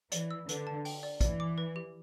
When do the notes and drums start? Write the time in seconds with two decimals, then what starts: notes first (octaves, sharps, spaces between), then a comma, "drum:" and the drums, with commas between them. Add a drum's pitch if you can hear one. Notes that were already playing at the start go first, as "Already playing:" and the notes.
0.12 E3 D5, drum: hi-hat
0.31 E6
0.49 D3 B4, drum: hi-hat
0.67 A5
0.85 G5, drum: open hi-hat
1.03 D5
1.21 E3 D5, drum: kick, hi-hat
1.40 D6
1.58 B4
1.76 G4